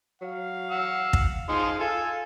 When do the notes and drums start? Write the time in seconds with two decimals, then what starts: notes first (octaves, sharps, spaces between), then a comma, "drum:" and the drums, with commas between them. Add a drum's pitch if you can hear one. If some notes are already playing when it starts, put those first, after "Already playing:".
0.22 F#3 F5
0.71 F#5 E6
1.13 drum: kick
1.49 F3 D#4 G#4 F5 C6
1.80 F4 A4 G#5